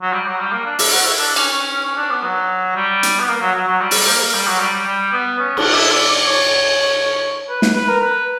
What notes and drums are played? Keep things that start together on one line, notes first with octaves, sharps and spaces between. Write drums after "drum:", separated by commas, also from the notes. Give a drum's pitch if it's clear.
F#3
G3
F#3
G3
A#3
D4
E4, drum: open hi-hat
F#4
E4
D4
C#4, drum: cymbal
C#4
C#4
C#4
D4
B3
F#3
G3
drum: hi-hat
B3
A#3
F#3
F#3
F#3
G3
drum: open hi-hat
A#3
G3
F#3
G3
G3
G3
B3
C#4
D4, drum: cymbal
E4
D5
D5
C#5
B4
B4, drum: snare
B4
A#4
B4